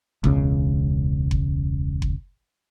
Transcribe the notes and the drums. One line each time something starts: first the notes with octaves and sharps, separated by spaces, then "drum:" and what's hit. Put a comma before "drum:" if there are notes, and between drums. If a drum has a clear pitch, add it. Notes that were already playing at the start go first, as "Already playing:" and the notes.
E1 C#2 C#3, drum: kick F#1
drum: kick F#1
drum: kick F#1